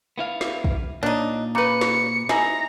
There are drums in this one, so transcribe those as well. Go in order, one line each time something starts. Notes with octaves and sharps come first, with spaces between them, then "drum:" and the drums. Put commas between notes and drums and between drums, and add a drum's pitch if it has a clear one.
B3 E4 F5
drum: snare
drum: kick
A#2 D4 D#4 C#5 F#6
C#3 B4 A#5 B5 D6 C#7
drum: snare
D#4 E4 G#5 A#5, drum: snare